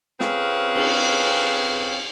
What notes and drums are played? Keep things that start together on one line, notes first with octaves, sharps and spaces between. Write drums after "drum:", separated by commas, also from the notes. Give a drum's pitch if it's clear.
F2 C4 C#4 G#4 B4 F5, drum: snare
drum: cymbal